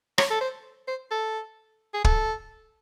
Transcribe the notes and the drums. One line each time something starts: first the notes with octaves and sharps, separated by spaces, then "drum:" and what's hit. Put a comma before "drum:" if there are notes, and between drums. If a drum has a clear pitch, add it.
C#5, drum: rim click
A4
C5
C5
A4
G#4
A4, drum: kick